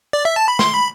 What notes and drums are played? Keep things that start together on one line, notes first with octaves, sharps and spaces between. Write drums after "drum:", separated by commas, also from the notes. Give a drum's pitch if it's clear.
D5
E5
A5
B5
C6, drum: snare
B5